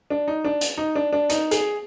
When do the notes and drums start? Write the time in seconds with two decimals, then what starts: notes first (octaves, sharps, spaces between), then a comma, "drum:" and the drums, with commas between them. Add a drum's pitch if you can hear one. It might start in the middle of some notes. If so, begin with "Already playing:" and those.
0.10 D4
0.28 D#4
0.45 D4
0.61 drum: hi-hat
0.77 D#4
0.96 D4
1.13 D4
1.30 D#4, drum: hi-hat
1.51 G#4, drum: hi-hat